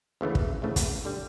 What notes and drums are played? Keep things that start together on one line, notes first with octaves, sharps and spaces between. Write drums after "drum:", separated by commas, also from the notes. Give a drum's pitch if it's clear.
D2 C#3 E3 A3
drum: kick
D2 C#3 E3 A3
drum: kick, hi-hat
D3 G3